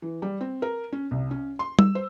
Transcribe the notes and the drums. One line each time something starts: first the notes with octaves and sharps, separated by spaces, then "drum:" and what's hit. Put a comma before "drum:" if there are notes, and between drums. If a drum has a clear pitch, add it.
E3
G3
C4
A#4
C#4
C2
C#4
C6
E6, drum: tom G3
C5